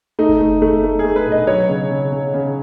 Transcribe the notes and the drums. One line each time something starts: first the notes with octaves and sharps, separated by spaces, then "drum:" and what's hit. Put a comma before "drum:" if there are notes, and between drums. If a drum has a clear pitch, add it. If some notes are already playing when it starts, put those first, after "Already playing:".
A3 D#4
drum: kick F#1
A3
A3, drum: kick F#1
A3
A3 G#4
B4
B2
D#5
F#3 C#5
C#3
C#3
C#3
C#3